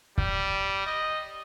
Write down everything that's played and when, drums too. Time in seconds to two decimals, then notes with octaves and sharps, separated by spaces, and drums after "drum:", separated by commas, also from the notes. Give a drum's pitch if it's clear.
0.18 G3, drum: kick
0.86 D#5